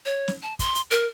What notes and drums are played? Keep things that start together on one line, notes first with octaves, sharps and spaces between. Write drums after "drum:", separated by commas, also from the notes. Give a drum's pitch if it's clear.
C#5
drum: snare
A5
C6, drum: kick, hi-hat
drum: hi-hat
A#4, drum: hi-hat